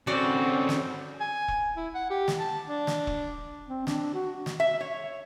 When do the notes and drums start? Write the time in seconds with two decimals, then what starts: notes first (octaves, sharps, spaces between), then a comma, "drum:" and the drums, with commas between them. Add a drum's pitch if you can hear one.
0.07 D3 C4 C#4 F#4 D5
0.69 drum: snare
1.20 G#5
1.48 drum: kick E1
1.76 E4
1.95 F#5
2.10 G4
2.28 drum: snare
2.40 A5
2.67 D4
2.87 drum: snare
3.07 drum: kick E1
3.69 C4
3.87 D4, drum: snare
4.14 F#4
4.46 drum: snare
4.60 E5
4.81 C#5